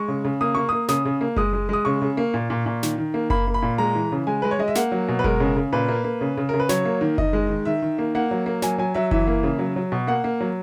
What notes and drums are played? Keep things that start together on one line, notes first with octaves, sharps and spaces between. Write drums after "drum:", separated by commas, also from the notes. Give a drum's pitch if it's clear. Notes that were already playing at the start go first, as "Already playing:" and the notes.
Already playing: G#3 C#6
C#3
C#3
A#3 D#6
A#3 C#6
A#3 D#6
C#3 D#6, drum: snare
C#3
A#3
G#3 D#6, drum: kick F#1
G#3
G#3 D#6
C#3 C#6
C#3
A#3
A#2
A#2
A#2
D#3, drum: snare
D#3
A#3
A#3 B5, drum: kick F#1
A#3
B5
A#2
G#3 A#5
E3
C#3
G#3 G#5
G#3 B4
C#5
G#3 D#5
E5
A#3 F#5, drum: snare
F#3
B2
B4
G#3 A#4, drum: kick F#1
C#3
C#3
A#2 B4
A#3
A#3
C#3
C#3
C#3 A#4
B4
F#3 C#5, drum: snare
A#3
D#3
D#3 D#5, drum: kick F#1
G#3
D#3
D#3 E5
D#3
A#3
A#3 F#5
F#3
A#3
F#3 G#5, drum: snare
F#3 G#5
F#3 E5
E3 E5, drum: kick F#1
A#3
C#3
F#3
F#3
B2
A#3 F#5
A#3
F#3